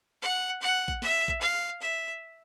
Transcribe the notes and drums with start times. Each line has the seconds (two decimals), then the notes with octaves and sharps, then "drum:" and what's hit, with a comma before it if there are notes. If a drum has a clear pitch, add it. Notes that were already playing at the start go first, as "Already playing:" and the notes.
0.22 F#5
0.61 F#5
0.88 drum: kick A1
1.02 E5, drum: snare
1.28 drum: kick A1
1.41 F5
1.81 E5